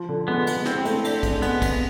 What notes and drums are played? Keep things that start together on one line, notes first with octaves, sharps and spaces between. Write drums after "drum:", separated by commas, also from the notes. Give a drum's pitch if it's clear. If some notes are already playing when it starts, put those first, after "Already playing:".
Already playing: F3
D3
G#3 B3
D3, drum: cymbal
C4 E4, drum: snare
A3, drum: cymbal
D4, drum: cymbal
G#3, drum: kick, cymbal
G#3 B3, drum: cymbal
C3, drum: kick, cymbal